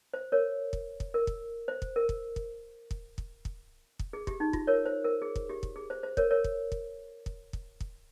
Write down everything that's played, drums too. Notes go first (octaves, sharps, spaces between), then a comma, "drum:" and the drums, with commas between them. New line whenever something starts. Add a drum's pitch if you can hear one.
C5
A#4 C#5
drum: kick
drum: kick
A#4
drum: kick
C5
drum: kick
A#4
drum: kick
drum: kick
drum: kick
drum: kick
drum: kick
drum: kick
G#4
G4, drum: kick
D#4
F4, drum: kick
A#4 C#5
C5
A#4
G#4
drum: kick
G4
drum: kick
G#4
C5
C5
A#4 C#5, drum: kick
A#4 C#5
drum: kick
drum: kick
drum: kick
drum: kick
drum: kick